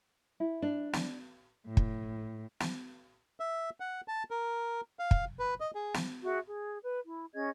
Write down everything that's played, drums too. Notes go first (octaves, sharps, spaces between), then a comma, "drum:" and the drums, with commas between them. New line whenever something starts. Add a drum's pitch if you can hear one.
E4
D4
drum: snare
A2
drum: kick
drum: snare
E5
F#5
A5
A#4
F5
drum: kick
B4
D#5
G#4
drum: snare
F#4 G#4 E5
G#4
B4
E4
C#4 G#4 D#5 G#6